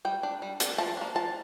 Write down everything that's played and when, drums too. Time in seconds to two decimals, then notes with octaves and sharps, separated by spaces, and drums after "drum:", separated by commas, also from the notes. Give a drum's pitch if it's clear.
0.05 G3 G5
0.23 D4
0.42 G3
0.60 D4, drum: hi-hat
0.78 F3 A5
0.97 A#3 D4
1.15 F3 A5